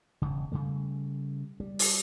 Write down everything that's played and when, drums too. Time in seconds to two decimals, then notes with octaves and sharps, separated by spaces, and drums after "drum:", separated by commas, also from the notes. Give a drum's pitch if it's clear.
0.22 E1 C#3
0.52 C#3 G3 A3
1.60 G3
1.79 drum: open hi-hat